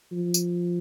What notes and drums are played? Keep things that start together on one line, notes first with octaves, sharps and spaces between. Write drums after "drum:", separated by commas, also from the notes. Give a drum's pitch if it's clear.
F3
drum: tambourine